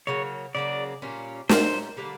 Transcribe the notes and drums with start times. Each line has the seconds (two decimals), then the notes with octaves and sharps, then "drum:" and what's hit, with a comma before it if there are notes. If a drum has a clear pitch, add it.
0.07 C#3 F#3 A#3 C#5
0.55 C#3 F#3 A#3 D5
1.02 A#2 G3 A#3 C#4
1.49 A#2 G3 A#3 C#4 C5, drum: snare
1.97 D3 G3 A#3 D4